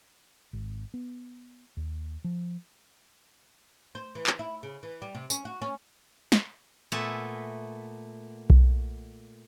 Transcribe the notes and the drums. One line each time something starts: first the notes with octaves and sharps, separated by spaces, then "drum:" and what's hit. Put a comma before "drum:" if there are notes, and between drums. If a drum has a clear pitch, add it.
G#1
B3
D#2
F3
C5
E3
drum: clap
E4
C#3
E3
G3
C3
C#4, drum: tambourine
F#4
C#4
drum: snare
A#2 A3 B3 E5 G#5
drum: kick B1